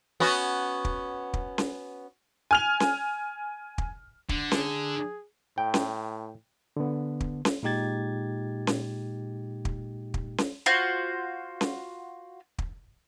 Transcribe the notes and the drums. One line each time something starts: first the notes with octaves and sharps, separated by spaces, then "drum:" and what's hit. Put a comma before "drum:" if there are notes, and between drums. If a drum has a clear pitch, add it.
B3 C#4 F#4
drum: kick
drum: kick
drum: snare C#4
G#5 F6 F7
drum: snare C#4
drum: kick
D3, drum: kick
G#4, drum: snare C#4
A2 G5
drum: snare C#4
D3 B3
drum: kick
drum: snare C#4
A#2 G#3 D#4 G4 G#6 A6
drum: snare C#4
drum: kick
drum: kick
drum: snare C#4
F4 F#4 C5
drum: snare C#4
drum: kick